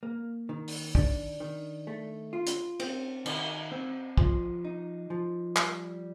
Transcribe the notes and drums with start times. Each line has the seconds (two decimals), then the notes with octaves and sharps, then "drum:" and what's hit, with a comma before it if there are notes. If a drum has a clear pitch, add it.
0.03 A#3
0.49 D#3
0.68 drum: open hi-hat
0.95 D4, drum: kick
1.40 D#3
1.87 A3
2.33 F4
2.47 drum: hi-hat
2.80 C4, drum: cymbal
3.26 D#3, drum: cymbal
3.72 C4
4.18 F3, drum: kick
4.64 D#4
5.10 F3
5.56 G3, drum: clap